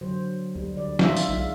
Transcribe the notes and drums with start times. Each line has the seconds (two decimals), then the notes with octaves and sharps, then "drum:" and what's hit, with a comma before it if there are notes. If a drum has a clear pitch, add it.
0.01 D3 F#3 C5
0.56 D2 G3
0.76 D3 D5
0.99 D#4 F4 E5, drum: snare
1.17 drum: tambourine
1.29 B1 G#3 D#4 F5